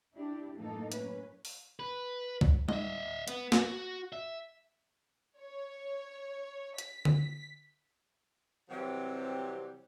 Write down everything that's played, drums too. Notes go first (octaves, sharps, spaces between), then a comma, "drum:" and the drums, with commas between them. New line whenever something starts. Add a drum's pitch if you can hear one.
D4 E4 G4
F#2 A2 E3 A#3 D#4 A4
F#2 C#4 B4, drum: hi-hat
drum: open hi-hat
B4
drum: kick C#2
D#5 E5, drum: tom G3
B3, drum: hi-hat
F#4, drum: snare
E5
C#5
B6, drum: hi-hat
drum: tom D3
C3 E3 F#3 G3 C4